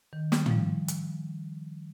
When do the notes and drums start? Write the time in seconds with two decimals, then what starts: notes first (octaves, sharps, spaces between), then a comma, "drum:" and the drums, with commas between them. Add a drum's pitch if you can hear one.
0.13 D#3
0.32 G3, drum: snare
0.46 F3, drum: tom
0.51 G3
0.88 drum: hi-hat